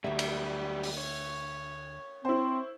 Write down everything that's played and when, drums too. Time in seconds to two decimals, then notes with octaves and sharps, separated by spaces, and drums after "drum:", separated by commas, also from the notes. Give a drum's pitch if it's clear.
0.04 D2 F#3 G3 E5
0.19 drum: cymbal
0.83 drum: open hi-hat
0.98 C#5
2.25 C4 E4 C5